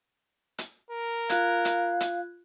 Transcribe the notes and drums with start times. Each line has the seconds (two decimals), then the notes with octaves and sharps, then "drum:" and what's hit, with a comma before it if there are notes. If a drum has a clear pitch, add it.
0.58 drum: hi-hat
0.91 A#4
1.29 F4 F5 F#6 G#6, drum: hi-hat
1.65 drum: hi-hat
2.00 drum: hi-hat